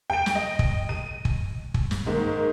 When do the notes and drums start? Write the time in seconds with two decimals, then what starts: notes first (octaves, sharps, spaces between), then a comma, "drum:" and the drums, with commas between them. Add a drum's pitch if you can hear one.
0.10 G5 D7
0.26 drum: snare
0.35 D#5
0.59 drum: kick
0.89 D#7
1.25 drum: kick
1.74 drum: kick
1.91 drum: snare
2.06 G#2 D#3 A#3